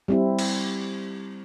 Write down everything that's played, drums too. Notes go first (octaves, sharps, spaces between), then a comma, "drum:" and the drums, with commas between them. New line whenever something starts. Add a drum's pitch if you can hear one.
G3 C4 E4
drum: cymbal